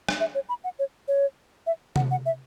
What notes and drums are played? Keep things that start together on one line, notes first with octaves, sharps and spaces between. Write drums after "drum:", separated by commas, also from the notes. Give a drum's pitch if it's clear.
drum: rim click
E5
C#5
B5
F#5
C#5
C#5
E5
F#5, drum: tom C3
F#5
E5